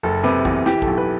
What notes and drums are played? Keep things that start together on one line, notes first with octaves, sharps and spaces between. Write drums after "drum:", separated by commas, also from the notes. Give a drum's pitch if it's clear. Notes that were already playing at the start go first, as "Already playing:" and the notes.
F#1 A4
C3 B4
E2, drum: kick
E3 G4, drum: snare
B1 A4, drum: kick
B4